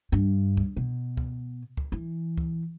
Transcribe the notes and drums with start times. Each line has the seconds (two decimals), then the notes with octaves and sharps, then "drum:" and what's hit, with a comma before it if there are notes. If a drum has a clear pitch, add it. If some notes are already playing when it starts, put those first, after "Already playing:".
0.12 G2
0.57 drum: kick
0.77 B2
1.17 drum: kick
1.77 drum: kick
1.92 E3
2.37 drum: kick